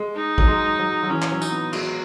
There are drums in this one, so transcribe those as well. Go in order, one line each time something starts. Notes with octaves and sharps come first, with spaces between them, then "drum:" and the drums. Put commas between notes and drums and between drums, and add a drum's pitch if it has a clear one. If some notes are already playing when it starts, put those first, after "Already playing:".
Already playing: G#3
D#4
F#3, drum: kick A1
G#3
F#3
F#3
E3 C#4
drum: clap
F#3
D#4, drum: tambourine
B3
G#3 F#4, drum: cymbal